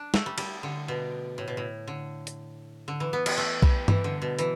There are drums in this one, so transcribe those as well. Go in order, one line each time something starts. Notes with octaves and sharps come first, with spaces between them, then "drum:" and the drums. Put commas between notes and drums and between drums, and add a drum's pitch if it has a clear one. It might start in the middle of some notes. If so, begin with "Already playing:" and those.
Already playing: D4
A3, drum: snare
G3
G3, drum: cymbal
D3
B2
A2
B2
A2
D3
drum: hi-hat
D3
E3
B3
B3, drum: cymbal
A3
G3, drum: kick B1
E3, drum: tom G2
D3
B2
E3, drum: hi-hat